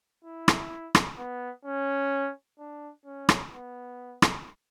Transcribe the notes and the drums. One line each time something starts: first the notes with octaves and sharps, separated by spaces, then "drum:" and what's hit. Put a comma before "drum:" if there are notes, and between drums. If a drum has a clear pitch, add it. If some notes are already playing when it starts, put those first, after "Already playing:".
E4
drum: rim click
drum: rim click
B3
C#4
D4
C#4
drum: rim click
B3
drum: rim click